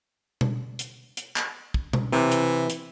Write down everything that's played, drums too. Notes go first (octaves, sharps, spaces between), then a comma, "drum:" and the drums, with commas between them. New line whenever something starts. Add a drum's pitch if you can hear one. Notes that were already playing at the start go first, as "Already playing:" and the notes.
drum: tom B2
drum: hi-hat
drum: hi-hat
drum: clap
drum: kick
drum: tom B2
C3 E3
drum: hi-hat
drum: hi-hat